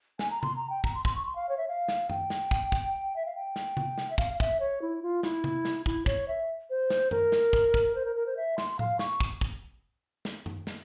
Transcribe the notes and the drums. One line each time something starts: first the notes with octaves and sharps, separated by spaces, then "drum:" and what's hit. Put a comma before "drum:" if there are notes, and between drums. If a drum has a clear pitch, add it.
G#5, drum: snare
A#5
C6, drum: tom C3
A#5
G5
A#5, drum: kick
C6
C6, drum: kick
C#6
C6
F5
C#5
E5
F5
drum: snare
G5, drum: tom F#2
drum: snare
drum: kick
drum: kick
E5
F5
G5
drum: snare
drum: tom C3
drum: snare
E5
F5, drum: kick
F5
E5, drum: kick
C#5
E4
F4
E4, drum: snare
drum: tom C3
drum: snare
E4, drum: kick
C#5, drum: kick
E5
C5
drum: snare
A#4, drum: tom F#2
drum: snare
drum: kick
drum: kick
C5
A#4
A#4
C5
E5
C6, drum: snare
F5, drum: tom A2
C#6, drum: snare
drum: kick
drum: kick
drum: snare
drum: tom F#2
drum: snare